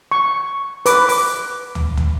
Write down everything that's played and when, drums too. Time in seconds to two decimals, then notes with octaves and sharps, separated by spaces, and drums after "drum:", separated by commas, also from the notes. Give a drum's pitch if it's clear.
0.11 C#6
0.86 B4 D6, drum: hi-hat
1.09 D6, drum: open hi-hat
1.75 drum: tom
1.97 drum: tom